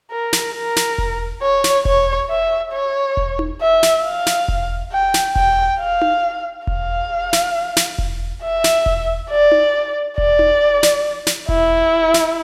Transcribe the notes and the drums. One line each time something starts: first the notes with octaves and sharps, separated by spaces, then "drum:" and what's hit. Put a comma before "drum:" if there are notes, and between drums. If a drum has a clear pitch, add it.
A#4
drum: snare
A#4
drum: snare
drum: kick E1
C#5
drum: snare
C#5, drum: kick E1
E5
C#5
drum: kick E1
drum: tom D#4
E5
drum: snare
F5
drum: snare
drum: kick E1
G5
drum: snare
G5, drum: kick E1
F5
drum: tom D#4
F5, drum: kick E1
drum: snare
drum: snare
drum: kick E1
E5
drum: snare
drum: kick E1
D5
drum: tom D#4
D5, drum: kick E1
drum: tom D#4
drum: snare
drum: snare
E4, drum: kick E1
drum: snare